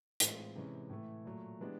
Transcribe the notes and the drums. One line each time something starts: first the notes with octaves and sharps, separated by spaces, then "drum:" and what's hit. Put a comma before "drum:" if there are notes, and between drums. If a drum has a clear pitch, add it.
A2 E3 G#3 C4 F4, drum: hi-hat
C3 E3 G#3 C#4
A2 E3 A3
A#2 F#3 A3
E3 G#3 B3 D4 G4